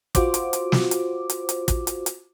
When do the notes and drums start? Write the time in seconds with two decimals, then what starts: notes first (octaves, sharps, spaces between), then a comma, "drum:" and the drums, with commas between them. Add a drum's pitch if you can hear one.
0.15 F4 F#4 C5 D6, drum: kick, hi-hat
0.34 drum: hi-hat
0.53 drum: hi-hat
0.72 drum: snare
0.91 drum: hi-hat
1.30 drum: hi-hat
1.49 drum: hi-hat
1.68 drum: kick, hi-hat
1.87 drum: hi-hat
2.06 drum: hi-hat